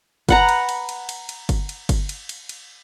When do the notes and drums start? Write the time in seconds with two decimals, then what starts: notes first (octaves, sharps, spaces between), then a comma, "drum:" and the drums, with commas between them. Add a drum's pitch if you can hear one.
0.29 B4 F#5 A#5, drum: kick G1, cymbal
0.49 drum: cymbal
0.69 drum: cymbal
0.89 drum: cymbal
1.09 drum: cymbal
1.29 drum: cymbal
1.49 drum: kick G1, cymbal
1.69 drum: cymbal
1.89 drum: kick G1, cymbal
2.09 drum: cymbal
2.29 drum: cymbal
2.49 drum: cymbal